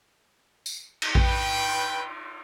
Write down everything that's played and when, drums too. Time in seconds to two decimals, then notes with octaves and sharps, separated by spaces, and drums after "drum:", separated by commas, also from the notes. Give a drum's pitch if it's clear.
0.66 drum: tambourine
1.02 drum: cymbal
1.15 B4 G5, drum: kick A#1